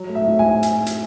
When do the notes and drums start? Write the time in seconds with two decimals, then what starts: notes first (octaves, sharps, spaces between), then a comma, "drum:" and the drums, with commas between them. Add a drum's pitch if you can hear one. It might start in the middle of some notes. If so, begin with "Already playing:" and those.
Already playing: F#3
0.09 A3
0.15 E5
0.27 A2
0.39 G#5
0.63 drum: hi-hat
0.86 drum: hi-hat